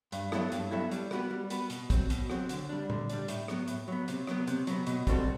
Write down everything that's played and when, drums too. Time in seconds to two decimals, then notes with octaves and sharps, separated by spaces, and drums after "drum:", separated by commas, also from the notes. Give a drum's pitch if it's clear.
0.12 G2, drum: hi-hat
0.32 F#3 B3 E4 A4, drum: rim click
0.52 G2, drum: hi-hat
0.71 F#3 B3 E4 A4
0.91 G3, drum: hi-hat
1.11 B3 F#4 B4, drum: rim click
1.31 G3
1.50 B3 F#4 B4, drum: hi-hat
1.70 B2, drum: hi-hat
1.90 F#3 C4 F#4, drum: kick, hi-hat
2.10 B2, drum: hi-hat
2.30 F#3 C4 F#4, drum: rim click
2.49 D3, drum: hi-hat
2.69 G3 D4
2.90 D3, drum: tom A#2
3.09 G3 D4, drum: hi-hat
3.28 A2, drum: hi-hat
3.48 F#3 B3, drum: rim click
3.68 A2, drum: hi-hat
3.88 F#3 B3
4.08 C3, drum: hi-hat
4.27 F#3 B3, drum: rim click
4.47 C3, drum: hi-hat
4.67 F#3 B3, drum: hi-hat
4.87 B2, drum: hi-hat
5.07 G3 C4 F#4 A4, drum: kick, hi-hat